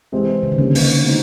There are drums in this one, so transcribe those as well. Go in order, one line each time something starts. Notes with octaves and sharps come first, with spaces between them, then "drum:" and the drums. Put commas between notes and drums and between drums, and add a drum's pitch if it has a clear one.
C3 E3 G#3 C4
C#3
D#3
D3 G3 A#3 C#4
D#3, drum: open hi-hat
D3
B2 G#3 C4 D#4